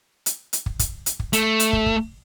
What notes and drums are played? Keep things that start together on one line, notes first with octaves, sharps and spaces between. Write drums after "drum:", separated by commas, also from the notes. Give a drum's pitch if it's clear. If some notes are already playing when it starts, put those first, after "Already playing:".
drum: hi-hat
drum: hi-hat
drum: kick
drum: kick, hi-hat
drum: hi-hat
drum: kick
A3, drum: hi-hat
drum: hi-hat
drum: kick
drum: kick